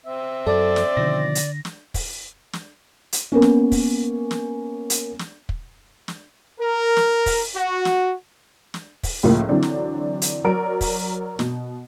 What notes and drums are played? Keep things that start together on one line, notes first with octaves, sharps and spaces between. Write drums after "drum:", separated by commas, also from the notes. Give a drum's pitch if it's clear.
C4 E5
F#2 F#3 A4 D5
drum: snare
B2 D3 D#3 F3 A#6
drum: hi-hat
drum: snare
drum: kick, open hi-hat
drum: snare
drum: hi-hat
A#3 B3 C#4
drum: snare
drum: kick, open hi-hat
drum: snare
drum: hi-hat
drum: snare
drum: kick
drum: snare
A#4
drum: snare
drum: kick, open hi-hat
F#4
drum: snare
drum: snare
drum: kick, open hi-hat
C#2 A2 F3 A#3
D3 E3 F#3 C4 D4
drum: snare
drum: hi-hat
F#3 A#4 D5 D7
drum: kick, open hi-hat
B2, drum: snare